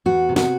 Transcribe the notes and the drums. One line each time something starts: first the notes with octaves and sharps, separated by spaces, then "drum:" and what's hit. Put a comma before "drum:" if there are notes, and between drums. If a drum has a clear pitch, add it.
E2 F#4
C3
F#4, drum: snare